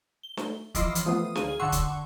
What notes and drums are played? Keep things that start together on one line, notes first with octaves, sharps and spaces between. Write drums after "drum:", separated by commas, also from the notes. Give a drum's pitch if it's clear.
G7
A3, drum: snare
E3 F3 D#5 D6 C7, drum: kick, hi-hat
drum: hi-hat
F3 A3 B3 D#6
D2 G#4 F5, drum: snare
D3 F#5 C6 C#6 E6
drum: kick, hi-hat